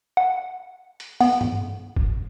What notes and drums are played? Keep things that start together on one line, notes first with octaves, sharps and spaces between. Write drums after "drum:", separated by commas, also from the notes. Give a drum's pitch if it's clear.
F#5
drum: hi-hat
B3, drum: open hi-hat
drum: tom G2
drum: kick